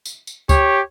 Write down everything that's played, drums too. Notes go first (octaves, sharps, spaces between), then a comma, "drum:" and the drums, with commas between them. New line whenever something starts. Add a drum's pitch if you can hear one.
drum: tambourine
drum: tambourine
G4 C#5, drum: kick C#2, tambourine